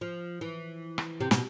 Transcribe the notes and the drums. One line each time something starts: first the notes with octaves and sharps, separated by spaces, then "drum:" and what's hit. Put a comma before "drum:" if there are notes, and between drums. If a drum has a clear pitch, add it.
F3
E3
drum: rim click
C3
B2, drum: snare